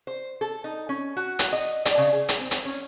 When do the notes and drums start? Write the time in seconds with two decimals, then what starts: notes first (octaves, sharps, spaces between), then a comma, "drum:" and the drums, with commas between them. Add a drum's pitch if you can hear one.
0.07 C5
0.41 A4
0.64 D#4
0.89 C#4
1.17 F#4
1.39 drum: hi-hat
1.53 D#5
1.85 D5, drum: hi-hat
1.98 C#3
2.13 G#4
2.29 drum: hi-hat
2.39 C4
2.51 drum: hi-hat
2.65 C#4